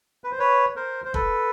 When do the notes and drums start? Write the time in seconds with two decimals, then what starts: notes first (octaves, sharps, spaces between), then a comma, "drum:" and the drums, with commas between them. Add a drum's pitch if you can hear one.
0.24 B4
0.32 C5
0.39 B4 C#5
0.76 A#4 C5
1.05 C5
1.14 A4 B4, drum: kick